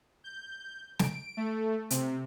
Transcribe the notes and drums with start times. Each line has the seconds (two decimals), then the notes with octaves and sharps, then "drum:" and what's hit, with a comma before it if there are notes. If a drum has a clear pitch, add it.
0.24 G6
0.99 D7, drum: snare
1.37 A3
1.90 C3, drum: hi-hat